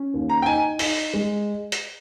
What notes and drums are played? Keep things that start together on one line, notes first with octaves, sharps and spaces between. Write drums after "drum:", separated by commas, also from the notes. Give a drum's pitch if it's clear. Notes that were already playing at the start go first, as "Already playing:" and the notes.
Already playing: C#4
D#2
A#5
G5
D#4 G#5
D#4, drum: open hi-hat
G#3
drum: hi-hat